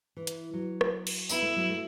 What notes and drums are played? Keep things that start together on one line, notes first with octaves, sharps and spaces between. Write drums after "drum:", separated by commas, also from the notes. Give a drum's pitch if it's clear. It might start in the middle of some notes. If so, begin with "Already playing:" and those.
E3
drum: hi-hat
F#3
drum: rim click
drum: cymbal
B3 E4, drum: tambourine
A3
F#3
A3